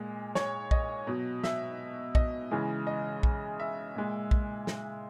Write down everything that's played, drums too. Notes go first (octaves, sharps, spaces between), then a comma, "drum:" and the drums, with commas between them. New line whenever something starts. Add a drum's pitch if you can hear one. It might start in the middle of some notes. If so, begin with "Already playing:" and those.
Already playing: A#2 G#3
C#5, drum: snare
D#5, drum: kick
B2 F#3
E5, drum: snare
D#5, drum: kick
C#3 E3 G#3
D#5
drum: kick
E5
A#2 G#3
drum: kick
drum: snare